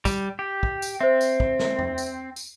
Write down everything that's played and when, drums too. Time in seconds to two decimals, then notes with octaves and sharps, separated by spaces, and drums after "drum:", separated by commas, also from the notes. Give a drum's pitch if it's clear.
0.05 G3, drum: kick, tambourine
0.39 G4
0.63 drum: kick
0.82 drum: tambourine
1.01 C4 C5 E5
1.21 drum: tambourine
1.40 drum: kick
1.59 drum: snare
1.79 drum: tom E2
1.98 drum: tambourine
2.36 drum: tambourine